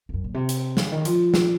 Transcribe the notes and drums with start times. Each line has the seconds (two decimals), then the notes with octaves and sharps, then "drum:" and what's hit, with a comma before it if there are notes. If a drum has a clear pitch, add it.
0.09 F2
0.14 F#2
0.24 A#2
0.34 C3
0.49 drum: hi-hat
0.77 C#3, drum: snare
0.92 D#3
1.05 F3, drum: hi-hat
1.34 drum: snare